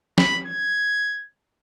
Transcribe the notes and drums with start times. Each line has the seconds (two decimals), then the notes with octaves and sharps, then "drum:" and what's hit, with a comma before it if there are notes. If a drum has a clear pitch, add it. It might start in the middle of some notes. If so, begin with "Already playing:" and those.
0.18 B5, drum: snare
0.47 G#6